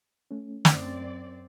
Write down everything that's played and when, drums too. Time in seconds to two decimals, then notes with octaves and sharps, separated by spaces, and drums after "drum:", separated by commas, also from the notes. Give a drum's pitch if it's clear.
0.31 A3 C#4
0.65 F#2 C4 D5, drum: snare